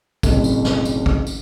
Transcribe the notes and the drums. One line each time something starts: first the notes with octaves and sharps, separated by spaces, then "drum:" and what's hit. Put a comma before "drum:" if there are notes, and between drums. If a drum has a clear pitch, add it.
F#1 B1 A2 C3, drum: kick, tambourine
drum: tambourine
drum: snare
drum: tambourine
drum: kick
drum: tambourine